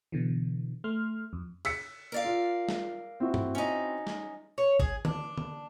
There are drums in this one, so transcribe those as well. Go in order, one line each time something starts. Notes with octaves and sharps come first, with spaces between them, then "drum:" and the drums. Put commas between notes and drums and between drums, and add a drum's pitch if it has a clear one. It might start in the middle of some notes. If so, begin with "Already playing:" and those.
B2 D3 E3
A3 C6 F6
F2
E6 B6 C#7, drum: cymbal
A#4 D5 F5
F4
drum: snare
C4 E4 F#4
drum: tom G2
C#4 D#4
drum: snare
C#5
G#4, drum: kick G#1
D4, drum: tom
drum: tom